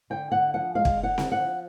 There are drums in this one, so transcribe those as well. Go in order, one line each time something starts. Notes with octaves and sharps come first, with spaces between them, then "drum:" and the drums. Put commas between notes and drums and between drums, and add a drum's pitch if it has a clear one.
D3 G5
D3 F#5
F3 F#5
G#3 F5
drum: kick
D3
F#5
D3, drum: snare C4
F#5
F3